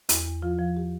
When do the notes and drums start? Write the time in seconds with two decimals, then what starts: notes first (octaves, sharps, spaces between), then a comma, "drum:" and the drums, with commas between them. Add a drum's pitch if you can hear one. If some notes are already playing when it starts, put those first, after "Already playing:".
0.09 E2, drum: hi-hat
0.26 E2
0.42 F3 F4
0.59 F3
0.77 G4